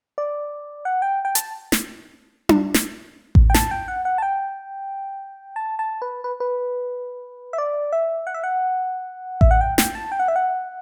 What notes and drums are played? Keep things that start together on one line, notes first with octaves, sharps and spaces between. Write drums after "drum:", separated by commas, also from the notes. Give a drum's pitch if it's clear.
D5
F#5
G5
G5
A5, drum: hi-hat
drum: snare
drum: tom D4
drum: snare
drum: kick A1
G5
A5, drum: snare
G5
F#5
F#5
A5
G5
A5
A5
B4
B4
B4
E5
D5
E5
F#5
E5
F#5
E5, drum: kick A1
F#5
G5
G5, drum: snare
A5
G5
F#5
E5
F#5